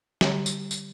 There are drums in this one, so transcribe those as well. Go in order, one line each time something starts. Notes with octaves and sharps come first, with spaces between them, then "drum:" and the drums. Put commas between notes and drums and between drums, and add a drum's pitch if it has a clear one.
D3 G3 G4 C#5 A#5 C6, drum: snare
drum: tambourine
drum: tambourine